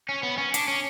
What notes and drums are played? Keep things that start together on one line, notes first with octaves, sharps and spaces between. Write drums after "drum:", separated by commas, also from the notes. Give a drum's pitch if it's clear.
C#4
B3
C#4
D4, drum: hi-hat
C#4